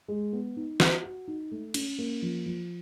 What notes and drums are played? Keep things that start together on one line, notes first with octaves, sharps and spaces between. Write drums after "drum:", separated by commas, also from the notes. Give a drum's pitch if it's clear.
G#3
B3
D#4
F#4, drum: snare
F#4
D#4
A3
C#4, drum: cymbal
A#3
F3
F3